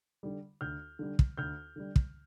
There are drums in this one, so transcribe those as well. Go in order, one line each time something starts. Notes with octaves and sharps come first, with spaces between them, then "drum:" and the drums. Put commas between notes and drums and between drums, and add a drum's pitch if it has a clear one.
D3 G3
D2 F6 G6
D3 G3
drum: kick
D2 F6 G6
D3 G3
drum: kick